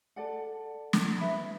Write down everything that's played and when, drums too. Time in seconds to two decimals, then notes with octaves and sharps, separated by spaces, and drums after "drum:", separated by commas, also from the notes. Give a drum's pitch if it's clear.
0.16 A4 D5 F#5
0.93 drum: snare
1.18 B4 E5 B5